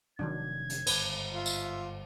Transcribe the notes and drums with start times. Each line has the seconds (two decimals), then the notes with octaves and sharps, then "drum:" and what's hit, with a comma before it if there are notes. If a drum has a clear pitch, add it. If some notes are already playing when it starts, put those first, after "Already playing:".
0.19 F1 D#3 F#3 D4 G#6
0.69 drum: hi-hat
0.86 G1 G#2 B4, drum: cymbal
1.33 F4 E5
1.46 drum: tambourine